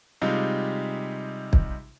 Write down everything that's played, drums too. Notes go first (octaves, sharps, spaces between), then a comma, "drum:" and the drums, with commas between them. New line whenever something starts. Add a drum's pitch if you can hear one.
C3 G3 G#3 D#4 F4
drum: kick